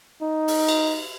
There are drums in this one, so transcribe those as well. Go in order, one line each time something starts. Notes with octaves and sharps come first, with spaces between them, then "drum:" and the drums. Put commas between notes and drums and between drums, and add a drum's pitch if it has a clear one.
D#4
drum: open hi-hat
drum: cymbal